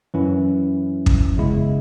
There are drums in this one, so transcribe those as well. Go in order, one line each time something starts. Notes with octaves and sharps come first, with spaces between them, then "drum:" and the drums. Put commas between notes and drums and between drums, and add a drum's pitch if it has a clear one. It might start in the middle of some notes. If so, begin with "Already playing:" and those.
F#2 E3 C#4 E4
drum: kick
E2 C#3 G#3 E4